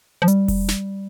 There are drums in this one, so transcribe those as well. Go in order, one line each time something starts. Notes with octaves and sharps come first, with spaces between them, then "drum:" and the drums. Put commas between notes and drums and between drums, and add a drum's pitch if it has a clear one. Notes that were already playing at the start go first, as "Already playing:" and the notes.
F3
G3, drum: hi-hat
drum: kick F1, open hi-hat
drum: snare